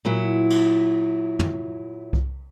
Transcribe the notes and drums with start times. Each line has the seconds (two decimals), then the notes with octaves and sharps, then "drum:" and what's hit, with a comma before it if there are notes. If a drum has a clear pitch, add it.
0.05 A#2 F#3 E4
0.50 drum: cymbal
1.39 drum: tom
2.13 drum: kick C2